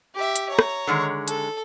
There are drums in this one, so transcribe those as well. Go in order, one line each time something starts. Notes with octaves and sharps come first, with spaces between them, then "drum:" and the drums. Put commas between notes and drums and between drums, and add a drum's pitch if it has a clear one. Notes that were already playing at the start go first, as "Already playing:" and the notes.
G4 E5
drum: hi-hat
C#5 A#5
drum: rim click
D3 D#3 G#3
A4, drum: hi-hat